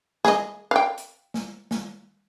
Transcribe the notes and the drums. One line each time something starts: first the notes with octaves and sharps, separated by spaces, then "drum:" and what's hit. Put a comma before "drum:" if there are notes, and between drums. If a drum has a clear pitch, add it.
G#4 D#5, drum: snare
F5 G5
drum: hi-hat
drum: snare
drum: snare